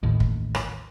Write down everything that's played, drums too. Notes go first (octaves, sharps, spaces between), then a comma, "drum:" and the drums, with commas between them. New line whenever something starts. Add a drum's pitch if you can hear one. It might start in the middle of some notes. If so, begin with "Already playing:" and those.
A1 D#2 A2 D#3
drum: kick
drum: rim click